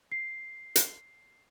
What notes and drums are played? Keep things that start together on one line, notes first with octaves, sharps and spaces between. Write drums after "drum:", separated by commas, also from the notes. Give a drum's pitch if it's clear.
C7
drum: hi-hat